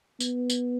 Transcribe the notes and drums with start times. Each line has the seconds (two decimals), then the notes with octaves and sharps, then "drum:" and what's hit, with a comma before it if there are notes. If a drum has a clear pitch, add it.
0.20 B3, drum: tambourine
0.50 drum: tambourine